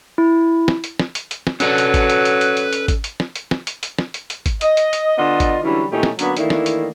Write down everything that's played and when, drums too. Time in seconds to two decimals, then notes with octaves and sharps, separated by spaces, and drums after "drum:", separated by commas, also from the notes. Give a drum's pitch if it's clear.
0.18 E4
0.68 drum: snare
0.84 drum: hi-hat
0.99 drum: snare
1.15 drum: hi-hat
1.31 drum: hi-hat
1.47 drum: snare
1.60 F#3 C#4 A4 B4 D5, drum: hi-hat
1.78 drum: hi-hat
1.94 drum: kick G#1, hi-hat
2.10 drum: hi-hat
2.25 drum: hi-hat
2.41 drum: hi-hat
2.57 drum: hi-hat
2.73 drum: hi-hat
2.88 drum: kick G#1, hi-hat
3.04 drum: hi-hat
3.20 drum: snare
3.36 drum: hi-hat
3.51 drum: snare
3.67 drum: hi-hat
3.83 drum: hi-hat
3.98 drum: snare
4.14 drum: hi-hat
4.30 drum: hi-hat
4.46 drum: kick G#1, hi-hat
4.61 D#5, drum: hi-hat
4.77 drum: hi-hat
4.93 drum: hi-hat
5.17 D3 B3 F4 D5 D#5
5.40 drum: kick G#1, hi-hat
5.63 D3 E3 F#3 G3 C#4 E4
5.91 A#2 E3 A3 C#4 D#4 G4
6.03 drum: snare
6.19 D3 F#3 A#3 B3 C#4 D4, drum: hi-hat
6.37 D#3 E3 A3 A#3 D4 E4, drum: hi-hat
6.50 drum: snare
6.66 drum: hi-hat